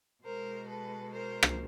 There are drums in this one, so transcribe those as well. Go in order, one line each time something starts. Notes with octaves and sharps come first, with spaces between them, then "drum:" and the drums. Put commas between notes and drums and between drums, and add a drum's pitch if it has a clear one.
B2 G#3 A#4 C5
A4 B4
A#4 C5
drum: rim click